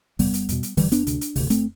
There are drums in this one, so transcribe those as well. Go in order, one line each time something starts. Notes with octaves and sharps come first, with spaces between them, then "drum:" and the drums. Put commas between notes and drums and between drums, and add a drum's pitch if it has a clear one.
E2 C3 G3 B3, drum: kick F#2, open hi-hat
drum: hi-hat
E2 B2, drum: hi-hat
drum: hi-hat
F#2 D3 E3 G3, drum: kick F#2, open hi-hat
B3 D4, drum: hi-hat
D2 C3, drum: hi-hat
drum: hi-hat
D2 C3, drum: kick F#2, open hi-hat
A3 C4, drum: hi-hat